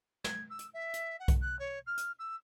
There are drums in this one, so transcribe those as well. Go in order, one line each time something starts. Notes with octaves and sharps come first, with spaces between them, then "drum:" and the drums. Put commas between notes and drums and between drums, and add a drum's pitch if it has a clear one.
G#6, drum: snare
E6
drum: hi-hat
E5
drum: hi-hat
F#5
drum: kick B1, hi-hat
F#6
C#5
F6
drum: hi-hat
E6